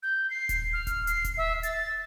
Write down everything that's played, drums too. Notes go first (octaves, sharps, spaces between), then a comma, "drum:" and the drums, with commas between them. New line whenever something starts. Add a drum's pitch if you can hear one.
G6
C7
drum: kick D#1, hi-hat
F6
drum: kick D#1, hi-hat
C7, drum: hi-hat
drum: kick D#1, hi-hat
E5
A6, drum: hi-hat